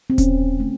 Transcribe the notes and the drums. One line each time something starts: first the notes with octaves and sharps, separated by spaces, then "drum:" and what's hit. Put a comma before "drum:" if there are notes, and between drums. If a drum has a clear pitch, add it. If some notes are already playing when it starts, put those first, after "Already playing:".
C4
C#3 C#4, drum: kick D#1, hi-hat
A3